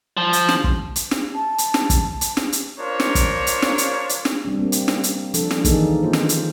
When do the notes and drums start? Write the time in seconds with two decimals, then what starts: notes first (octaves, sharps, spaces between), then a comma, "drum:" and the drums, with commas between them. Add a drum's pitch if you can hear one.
0.17 F3
0.33 drum: hi-hat
0.49 drum: snare
0.64 drum: kick
0.96 drum: hi-hat
1.11 drum: snare
1.35 A5
1.58 drum: hi-hat
1.74 drum: snare
1.90 drum: kick, hi-hat
2.21 drum: hi-hat
2.37 drum: snare
2.52 drum: hi-hat
2.78 D4 F4 A#4 C5 C#5
3.00 drum: snare
3.15 drum: kick, hi-hat
3.47 drum: hi-hat
3.62 drum: snare
3.78 drum: hi-hat
4.09 drum: hi-hat
4.25 drum: snare
4.45 G3 C4 D4
4.59 A#3 C4
4.72 drum: hi-hat
4.88 drum: snare
5.03 drum: hi-hat
5.34 F3 D4 A4, drum: hi-hat
5.51 drum: snare
5.65 D#3 E3 A#3 D#4 G#4 A4, drum: kick, hi-hat
6.03 A#3 F4 C5
6.13 drum: snare
6.29 drum: hi-hat